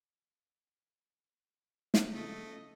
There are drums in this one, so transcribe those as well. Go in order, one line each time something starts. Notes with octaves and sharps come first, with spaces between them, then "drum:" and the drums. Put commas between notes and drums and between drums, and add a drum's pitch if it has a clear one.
drum: snare
C#3 F3 A3 C4 A4 D#5